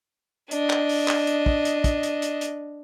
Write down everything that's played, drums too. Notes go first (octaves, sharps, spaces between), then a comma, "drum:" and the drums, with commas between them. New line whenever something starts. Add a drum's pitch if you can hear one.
D4 D#5, drum: hi-hat
drum: clap
drum: open hi-hat
drum: clap
drum: hi-hat
drum: kick
drum: hi-hat
drum: kick, hi-hat
drum: hi-hat
drum: hi-hat
drum: hi-hat